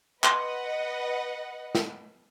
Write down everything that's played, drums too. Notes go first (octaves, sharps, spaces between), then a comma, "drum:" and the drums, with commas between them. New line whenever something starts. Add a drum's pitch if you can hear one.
B4 D#5 F#5 C6, drum: clap
drum: snare